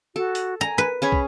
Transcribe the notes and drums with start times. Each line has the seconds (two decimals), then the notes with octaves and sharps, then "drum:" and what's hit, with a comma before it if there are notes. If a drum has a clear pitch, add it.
0.16 F#4 A4
0.35 drum: hi-hat
0.61 G#5 A#5
0.78 B4
1.02 C#4 G#4 C#5 B5
1.12 drum: kick